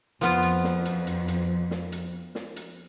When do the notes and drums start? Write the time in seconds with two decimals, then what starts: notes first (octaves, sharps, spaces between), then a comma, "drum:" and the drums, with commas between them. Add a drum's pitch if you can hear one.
0.21 F2 F3 B3 F4, drum: hi-hat
0.43 drum: hi-hat
0.64 drum: snare
0.85 drum: hi-hat
1.07 drum: hi-hat
1.28 drum: hi-hat
1.71 drum: snare
1.92 drum: hi-hat
2.35 drum: snare
2.56 drum: hi-hat